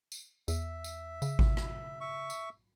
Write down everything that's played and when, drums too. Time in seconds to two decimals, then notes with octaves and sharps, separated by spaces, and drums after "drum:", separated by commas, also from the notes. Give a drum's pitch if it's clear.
0.12 drum: tambourine
0.48 E2 E5, drum: tambourine
0.84 drum: tambourine
1.22 C#3, drum: tambourine
1.39 drum: kick G#1
1.57 drum: rim click
2.01 E5 C#6
2.30 drum: tambourine